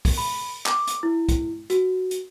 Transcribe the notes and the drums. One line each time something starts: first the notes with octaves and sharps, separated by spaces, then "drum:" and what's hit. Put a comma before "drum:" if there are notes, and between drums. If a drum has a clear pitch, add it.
drum: kick, open hi-hat
B5
D6, drum: clap
drum: hi-hat
E4
drum: kick, hi-hat
F#4, drum: hi-hat
drum: hi-hat